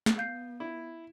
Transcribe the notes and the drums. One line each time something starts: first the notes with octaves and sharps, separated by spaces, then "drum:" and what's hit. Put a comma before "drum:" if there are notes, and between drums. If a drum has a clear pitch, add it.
drum: snare
B3 F5 G6 C7
E4